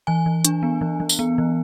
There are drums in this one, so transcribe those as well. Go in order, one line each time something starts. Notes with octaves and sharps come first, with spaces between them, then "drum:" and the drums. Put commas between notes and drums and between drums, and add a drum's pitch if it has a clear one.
E3 G#5
E3
D4, drum: hi-hat
B3
E3
E3
drum: tambourine
B3
E3